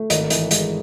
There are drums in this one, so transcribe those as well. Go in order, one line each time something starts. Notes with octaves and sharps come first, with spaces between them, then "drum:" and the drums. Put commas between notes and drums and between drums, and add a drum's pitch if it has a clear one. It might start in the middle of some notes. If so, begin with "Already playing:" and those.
Already playing: A3
G#1 D#5, drum: hi-hat
E3 D#5, drum: hi-hat
G#3 D#5, drum: hi-hat